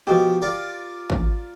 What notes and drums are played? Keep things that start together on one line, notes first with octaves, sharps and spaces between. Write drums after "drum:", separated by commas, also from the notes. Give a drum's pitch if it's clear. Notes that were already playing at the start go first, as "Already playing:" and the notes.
B2 F3 G4
F4 A#4 D5
drum: kick